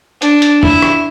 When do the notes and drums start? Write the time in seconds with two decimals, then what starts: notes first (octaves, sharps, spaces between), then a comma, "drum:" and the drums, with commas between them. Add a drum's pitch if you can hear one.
0.22 D4, drum: hi-hat
0.42 drum: hi-hat
0.63 E4, drum: tom
0.82 drum: rim click